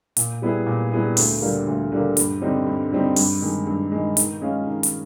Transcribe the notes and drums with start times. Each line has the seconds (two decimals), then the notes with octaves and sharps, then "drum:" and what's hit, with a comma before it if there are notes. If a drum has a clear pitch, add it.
0.17 A#2, drum: hi-hat
0.42 G3 B3 E4 G#4
0.66 A#2
0.92 G3 B3 E4 G#4
1.17 D2, drum: open hi-hat
1.42 D3 G3 A#3
1.67 D2
1.92 D3 G3 A#3
2.17 G2, drum: hi-hat
2.42 D3 G3 C4 D#4
2.66 G2
2.91 D3 G3 C4 D#4
3.16 G2, drum: open hi-hat
3.42 D#3 G#3
3.67 G2
3.92 D#3 G#3
4.17 D#3, drum: hi-hat
4.41 G#3 C#4 F4
4.67 D#3
4.83 drum: hi-hat